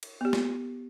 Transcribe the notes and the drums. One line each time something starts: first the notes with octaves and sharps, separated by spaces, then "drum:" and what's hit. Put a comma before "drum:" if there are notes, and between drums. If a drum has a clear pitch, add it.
drum: cymbal
B3 G4
drum: snare